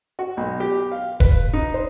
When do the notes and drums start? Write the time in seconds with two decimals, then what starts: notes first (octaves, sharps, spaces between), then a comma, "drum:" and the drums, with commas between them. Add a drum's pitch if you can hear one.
0.19 F#4
0.37 B1
0.60 G4
0.92 F5
1.20 B4, drum: kick E1
1.53 D#4
1.74 C5